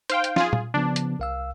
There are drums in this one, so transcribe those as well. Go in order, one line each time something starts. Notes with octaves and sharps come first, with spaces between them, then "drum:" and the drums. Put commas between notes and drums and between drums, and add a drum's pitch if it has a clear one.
D#4 C5 F5 G5, drum: hi-hat
drum: hi-hat
F4 G#4, drum: snare
drum: tom A#2
C#3 F3 B3 D4
drum: hi-hat
C2 F5 E6